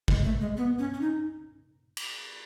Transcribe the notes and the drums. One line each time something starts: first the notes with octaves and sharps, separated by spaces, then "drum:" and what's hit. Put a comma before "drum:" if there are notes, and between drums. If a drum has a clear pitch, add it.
G#3, drum: kick
A3
G#3
B3
C#4
C#4
D#4
drum: cymbal